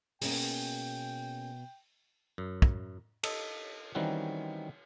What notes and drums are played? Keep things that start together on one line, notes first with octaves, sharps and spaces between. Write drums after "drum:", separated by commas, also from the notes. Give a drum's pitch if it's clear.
B2 A#3 C#4 G#4 G5, drum: open hi-hat
F#2
drum: kick
A4 D#5, drum: cymbal
D#3 E3 G3 C4 C#4 F#4